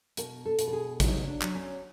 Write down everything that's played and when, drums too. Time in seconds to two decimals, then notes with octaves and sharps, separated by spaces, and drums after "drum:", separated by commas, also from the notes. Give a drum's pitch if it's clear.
0.17 B2 A#4, drum: hi-hat
0.45 A4
0.59 B2, drum: hi-hat
0.68 A4
0.73 G#4
1.00 F#3 D#4, drum: kick, hi-hat
1.27 D4
1.41 F#3, drum: clap
1.55 C#4